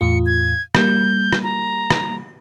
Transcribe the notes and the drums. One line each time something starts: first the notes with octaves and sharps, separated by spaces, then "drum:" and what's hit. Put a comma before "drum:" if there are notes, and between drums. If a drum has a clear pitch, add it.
E2 A2 F4 C#7
G#6
G3 A#3 G6, drum: rim click
drum: rim click
A#5
drum: rim click